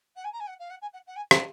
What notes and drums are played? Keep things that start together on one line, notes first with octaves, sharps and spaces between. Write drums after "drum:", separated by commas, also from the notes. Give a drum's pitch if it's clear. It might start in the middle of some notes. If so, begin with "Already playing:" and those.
F#5
G#5
A#5
G#5
F#5
F5
F#5
G#5
F#5
F#5
G#5
drum: rim click